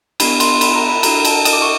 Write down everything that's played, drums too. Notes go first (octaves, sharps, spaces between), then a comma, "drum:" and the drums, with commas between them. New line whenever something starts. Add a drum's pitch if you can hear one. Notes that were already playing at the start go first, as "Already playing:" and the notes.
B3 D4 G4 B5, drum: cymbal
C6, drum: cymbal
B5, drum: cymbal
A#5
B5
D4 F#4 A4 A#5, drum: cymbal
A5, drum: cymbal
D#6, drum: cymbal
D6
C#6